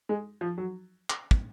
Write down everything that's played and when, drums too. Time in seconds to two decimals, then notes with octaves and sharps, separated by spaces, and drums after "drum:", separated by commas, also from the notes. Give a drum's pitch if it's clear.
0.09 G#3
0.41 F3
0.58 F#3
1.10 drum: clap
1.31 drum: kick